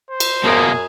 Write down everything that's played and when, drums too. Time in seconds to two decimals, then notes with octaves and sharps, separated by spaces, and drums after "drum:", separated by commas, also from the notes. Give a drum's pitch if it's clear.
0.11 C5
0.20 drum: cymbal
0.44 F#2 B2 A#3 G#4